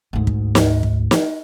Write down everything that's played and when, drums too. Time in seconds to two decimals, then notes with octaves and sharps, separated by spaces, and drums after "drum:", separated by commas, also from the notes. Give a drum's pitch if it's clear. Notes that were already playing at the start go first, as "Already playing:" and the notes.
0.13 D2 G#2
0.27 drum: kick
0.55 drum: snare
0.83 drum: kick
1.11 drum: snare